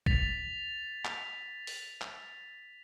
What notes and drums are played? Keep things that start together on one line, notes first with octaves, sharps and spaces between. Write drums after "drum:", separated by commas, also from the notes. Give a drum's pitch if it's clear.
A6 B6 F7, drum: kick
drum: clap
drum: open hi-hat
drum: clap